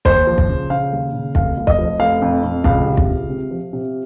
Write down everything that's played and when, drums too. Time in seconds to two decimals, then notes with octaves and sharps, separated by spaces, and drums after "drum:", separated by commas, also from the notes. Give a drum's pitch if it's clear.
0.05 D#2 C5, drum: kick
0.27 F3
0.38 drum: kick
0.49 C#3
0.70 C#3 F5
0.92 D#2
1.13 C#3
1.35 F1 F5, drum: kick
1.57 F1
1.67 D#5, drum: kick
1.79 F3
1.99 F1 F5
2.22 F2
2.44 F2
2.64 C#2 F5, drum: kick
2.86 C3
2.97 drum: kick
3.09 C#2
3.30 C3
3.51 F3
3.73 C3